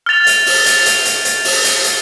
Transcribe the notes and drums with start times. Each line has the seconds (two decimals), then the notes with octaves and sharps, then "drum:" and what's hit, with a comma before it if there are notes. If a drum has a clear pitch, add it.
0.06 F6 A6 F7
0.27 drum: hi-hat
0.46 drum: open hi-hat
0.66 drum: hi-hat
0.86 drum: hi-hat
1.05 drum: hi-hat
1.25 drum: hi-hat
1.45 drum: open hi-hat
1.64 drum: hi-hat
1.84 drum: hi-hat